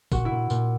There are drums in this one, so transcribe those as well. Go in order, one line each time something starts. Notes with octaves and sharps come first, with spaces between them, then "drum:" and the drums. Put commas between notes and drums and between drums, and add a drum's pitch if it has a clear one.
A#2 F#4, drum: kick, tambourine
E4
A#2
A#2, drum: tambourine